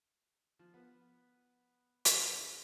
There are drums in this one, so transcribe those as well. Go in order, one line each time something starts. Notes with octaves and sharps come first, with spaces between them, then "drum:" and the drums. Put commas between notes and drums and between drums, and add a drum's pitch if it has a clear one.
F3
B3
G2 F3 G#4, drum: hi-hat
D2 G#4 B5